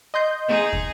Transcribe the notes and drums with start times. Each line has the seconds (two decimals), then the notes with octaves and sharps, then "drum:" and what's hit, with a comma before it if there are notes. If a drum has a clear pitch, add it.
0.14 D#5 C6 G6
0.48 D#4 G#4
0.73 drum: kick